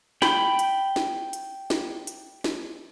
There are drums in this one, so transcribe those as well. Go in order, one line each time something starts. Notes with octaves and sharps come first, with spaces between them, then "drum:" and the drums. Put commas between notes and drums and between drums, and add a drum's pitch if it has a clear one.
G5 B5, drum: snare
drum: hi-hat
drum: snare
drum: hi-hat
drum: snare
drum: hi-hat
drum: snare